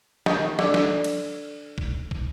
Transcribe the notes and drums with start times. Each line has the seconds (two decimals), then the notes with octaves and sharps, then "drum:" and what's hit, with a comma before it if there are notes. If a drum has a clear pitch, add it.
0.26 D#3, drum: snare
0.59 D3, drum: snare
0.74 drum: snare
1.04 drum: cymbal
1.78 drum: kick
2.11 drum: kick